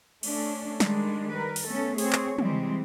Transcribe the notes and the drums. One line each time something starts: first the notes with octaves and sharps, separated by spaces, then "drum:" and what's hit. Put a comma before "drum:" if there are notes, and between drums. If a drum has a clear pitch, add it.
A3 C#4 D4, drum: cymbal
D#3 G3 G#3 D4, drum: snare
A#4 B4
drum: open hi-hat
A3 B3 C#4 A4
C4 G#4 C#5, drum: open hi-hat
drum: clap
E3 G3 G#3 C4, drum: tom